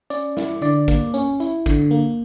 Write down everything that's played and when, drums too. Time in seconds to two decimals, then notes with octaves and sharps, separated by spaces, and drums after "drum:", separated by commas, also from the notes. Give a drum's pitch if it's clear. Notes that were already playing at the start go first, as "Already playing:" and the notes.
0.10 C#4 D5, drum: hi-hat
0.37 E4, drum: snare
0.62 D3 D5, drum: hi-hat
0.88 A#3, drum: kick, hi-hat
1.14 C#4, drum: hi-hat
1.40 E4, drum: hi-hat
1.66 D3, drum: kick, hi-hat
1.91 A#3